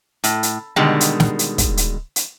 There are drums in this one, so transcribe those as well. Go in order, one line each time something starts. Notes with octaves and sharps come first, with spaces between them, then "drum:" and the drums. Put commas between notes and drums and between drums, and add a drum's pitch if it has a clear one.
A2, drum: hi-hat
drum: hi-hat
B2 D3 D#3 G3 G#3
drum: hi-hat
drum: snare
drum: hi-hat
drum: kick, hi-hat
drum: hi-hat
drum: hi-hat